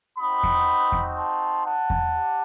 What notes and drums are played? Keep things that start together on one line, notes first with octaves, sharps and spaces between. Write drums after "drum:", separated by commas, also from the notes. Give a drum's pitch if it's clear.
C4 D#4 F#4 B5 D#6
drum: kick E2
drum: kick E2
A5 C6
F#5 A5
drum: kick E2
G4